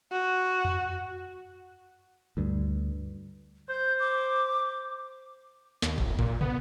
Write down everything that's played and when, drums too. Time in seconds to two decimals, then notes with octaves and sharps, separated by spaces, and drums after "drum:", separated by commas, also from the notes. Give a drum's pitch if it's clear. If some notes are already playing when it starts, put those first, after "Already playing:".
0.12 F#4
0.65 drum: tom F2
2.37 D2 G2
3.69 C5 G6
4.00 D6
5.82 D#2, drum: snare
5.98 F1, drum: kick
6.19 A#2, drum: kick
6.41 B3, drum: tom